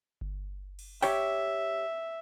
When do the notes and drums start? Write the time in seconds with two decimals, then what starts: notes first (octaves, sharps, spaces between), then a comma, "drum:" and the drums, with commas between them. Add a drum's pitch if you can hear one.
0.21 drum: kick G1
0.79 drum: cymbal
1.03 G4 C#5 E5 G5, drum: open hi-hat